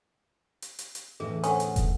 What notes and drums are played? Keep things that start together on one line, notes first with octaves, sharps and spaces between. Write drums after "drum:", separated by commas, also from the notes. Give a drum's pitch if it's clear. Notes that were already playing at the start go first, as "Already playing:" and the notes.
drum: hi-hat
drum: hi-hat
drum: hi-hat
E2 A2 D3 G#4 B4 E5
C#4 A4 C5 F#5, drum: hi-hat
drum: hi-hat
drum: kick, hi-hat